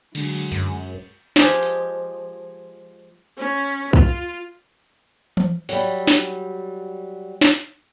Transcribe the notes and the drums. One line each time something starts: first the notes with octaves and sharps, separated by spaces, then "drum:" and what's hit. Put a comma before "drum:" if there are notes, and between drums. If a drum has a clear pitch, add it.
D3 F#3 G#3, drum: cymbal
F#2, drum: hi-hat
F3 G#3 G4 D#5, drum: snare
drum: hi-hat
C#4
F4, drum: kick
drum: tom E3
F#3 G3, drum: open hi-hat
drum: snare
drum: snare